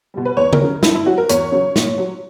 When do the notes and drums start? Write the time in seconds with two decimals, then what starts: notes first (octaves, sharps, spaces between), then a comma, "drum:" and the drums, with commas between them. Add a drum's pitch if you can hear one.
0.14 B2 G3
0.25 B4
0.37 E2 C#5
0.53 A#4, drum: tom C#3
0.60 C#3 F#3
0.83 G2 E4, drum: snare
0.95 E4
1.06 F#3 F#4
1.18 A#4
1.29 E2 C#5, drum: hi-hat
1.52 C#3 F#3
1.76 A#2, drum: snare
1.98 F#3